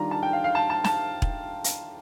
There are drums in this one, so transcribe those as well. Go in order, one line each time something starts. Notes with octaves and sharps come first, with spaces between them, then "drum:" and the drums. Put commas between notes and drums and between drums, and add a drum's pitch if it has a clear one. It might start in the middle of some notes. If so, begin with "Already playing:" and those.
Already playing: D#3 G3 D4 F4 A#5
A5
G5
F5
F5
A5
A5
A5, drum: snare
drum: kick E1
drum: hi-hat